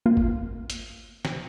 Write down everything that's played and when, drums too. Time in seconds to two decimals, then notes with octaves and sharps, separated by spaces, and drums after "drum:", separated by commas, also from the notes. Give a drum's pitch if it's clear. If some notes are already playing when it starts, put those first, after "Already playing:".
0.06 A#3 F4
0.17 drum: kick G1
0.70 drum: hi-hat
1.25 drum: snare